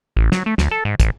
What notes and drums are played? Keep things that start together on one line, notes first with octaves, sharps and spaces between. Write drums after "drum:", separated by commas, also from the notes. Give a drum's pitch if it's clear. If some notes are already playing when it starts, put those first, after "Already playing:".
A1
F#3, drum: snare
A3
D2, drum: snare
A4
G#2
A1, drum: kick, hi-hat